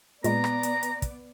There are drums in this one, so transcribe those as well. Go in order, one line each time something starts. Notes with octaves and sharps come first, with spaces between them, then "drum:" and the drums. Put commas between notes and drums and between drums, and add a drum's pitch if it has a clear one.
A#2 G#3 B3 D5 A#5, drum: hi-hat
drum: rim click
drum: hi-hat
drum: hi-hat
drum: kick, hi-hat